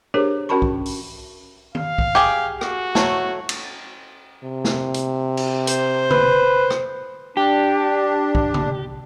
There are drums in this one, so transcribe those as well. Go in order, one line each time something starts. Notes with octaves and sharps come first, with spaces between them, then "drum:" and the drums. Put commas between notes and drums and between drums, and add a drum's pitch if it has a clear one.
D4 G4 G#4 A#4 C5 C#5
C#4 F#4 A#4 A5 B5 C#6
drum: kick B1
drum: open hi-hat
F5, drum: tom D#3
drum: kick B1
G4 G#4 G5
F#4, drum: rim click
F#3 A3, drum: snare
drum: cymbal
C3
drum: snare
drum: hi-hat
drum: cymbal
C5, drum: hi-hat
B4, drum: tom C3
drum: rim click
D4 G4
drum: kick B1
drum: tom C3